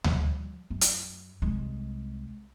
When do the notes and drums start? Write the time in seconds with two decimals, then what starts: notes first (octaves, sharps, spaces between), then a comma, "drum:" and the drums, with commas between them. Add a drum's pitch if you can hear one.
0.04 F3 G3, drum: tom D2
0.70 F#2
0.81 drum: hi-hat
1.42 C2 G#3